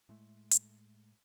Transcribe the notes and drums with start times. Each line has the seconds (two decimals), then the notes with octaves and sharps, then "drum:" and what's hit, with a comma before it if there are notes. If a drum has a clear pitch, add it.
0.09 A2 G#3 A3
0.51 drum: hi-hat